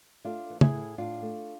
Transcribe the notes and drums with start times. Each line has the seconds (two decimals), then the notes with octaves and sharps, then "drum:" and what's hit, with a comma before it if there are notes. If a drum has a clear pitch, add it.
0.25 A3 D4 F4
0.50 E3
0.61 E4 G#4, drum: tom
0.73 A2
0.98 A2 D4 F4
1.22 A3